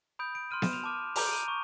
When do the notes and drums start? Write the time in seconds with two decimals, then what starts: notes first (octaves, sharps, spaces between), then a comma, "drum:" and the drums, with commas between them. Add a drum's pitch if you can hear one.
0.19 B5 D#6 G6 D7
0.35 D7
0.51 C6 F6 D#7
0.62 E7, drum: snare B3
0.73 F7
0.84 A5 D6 F6
1.16 A#5 D6 G6 F7, drum: open hi-hat
1.27 D7
1.32 D#7
1.48 C#6